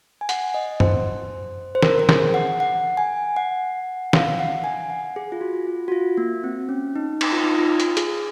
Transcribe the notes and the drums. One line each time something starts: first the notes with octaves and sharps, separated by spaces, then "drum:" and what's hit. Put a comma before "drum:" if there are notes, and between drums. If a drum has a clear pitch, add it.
G#5
F#5, drum: hi-hat
D#5
C5, drum: tom F#2
C5
A#4, drum: snare
A#4
G#4, drum: snare
F#5
F#5
G#5
F#5
F5, drum: snare
F#5
G#5
F#5
G#4
F4
F#4
F4
F#4
F4
A#3
C4
C#4
D#4
D#4, drum: cymbal
F4
D#4
F4
drum: hi-hat
G#4, drum: hi-hat